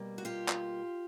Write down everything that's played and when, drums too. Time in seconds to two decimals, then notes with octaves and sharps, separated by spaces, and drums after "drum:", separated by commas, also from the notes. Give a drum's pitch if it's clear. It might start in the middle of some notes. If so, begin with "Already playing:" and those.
Already playing: B2 G3 A#3
0.18 F#4
0.25 F4 G4
0.48 drum: clap